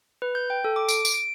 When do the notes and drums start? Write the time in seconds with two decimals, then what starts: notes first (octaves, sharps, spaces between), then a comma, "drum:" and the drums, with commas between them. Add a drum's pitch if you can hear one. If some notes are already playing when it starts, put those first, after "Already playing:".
0.22 B4
0.35 G6
0.50 G5
0.64 A4
0.76 D6
0.88 D7, drum: tambourine
1.05 drum: tambourine
1.14 D7